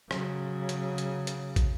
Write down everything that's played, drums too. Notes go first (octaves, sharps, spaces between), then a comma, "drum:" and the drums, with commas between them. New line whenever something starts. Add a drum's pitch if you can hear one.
C#3 F#3, drum: rim click
drum: hi-hat
drum: hi-hat
drum: hi-hat
drum: kick, hi-hat